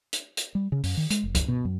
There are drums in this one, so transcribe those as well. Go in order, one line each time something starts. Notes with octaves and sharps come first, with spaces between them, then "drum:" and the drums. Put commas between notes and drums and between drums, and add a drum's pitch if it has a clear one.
drum: hi-hat
drum: hi-hat
G3
C#3
F#2, drum: open hi-hat
D#3
G#3, drum: hi-hat
F1
drum: kick C#2, hi-hat
B2
F#2